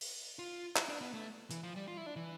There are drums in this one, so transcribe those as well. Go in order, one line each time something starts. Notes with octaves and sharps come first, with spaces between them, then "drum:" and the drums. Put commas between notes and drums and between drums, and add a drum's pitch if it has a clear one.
drum: open hi-hat
F4
E4, drum: clap
D4
B3
A3
E3, drum: hi-hat
F3
G3
F4
E4
D4
E3